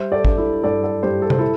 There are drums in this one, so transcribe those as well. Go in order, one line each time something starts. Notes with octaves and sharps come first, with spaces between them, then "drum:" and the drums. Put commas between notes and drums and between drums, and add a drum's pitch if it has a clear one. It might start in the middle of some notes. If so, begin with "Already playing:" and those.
Already playing: G3 C5 E5
A4 D5
D4, drum: kick
E4 A4
G2 A4 D5
A4 D5
G2 G4 C5
A4
C5, drum: tom C3
E4 A4